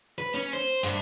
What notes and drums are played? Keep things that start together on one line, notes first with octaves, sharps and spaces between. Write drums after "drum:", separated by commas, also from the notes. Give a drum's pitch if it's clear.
B4
C#4
C5
G2, drum: hi-hat